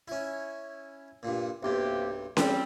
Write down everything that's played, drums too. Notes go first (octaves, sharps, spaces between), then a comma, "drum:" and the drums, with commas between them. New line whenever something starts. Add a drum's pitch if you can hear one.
C#4 E4
G2 A#2
B1 G2 C3 A#3 G4
G3 C4, drum: snare C#4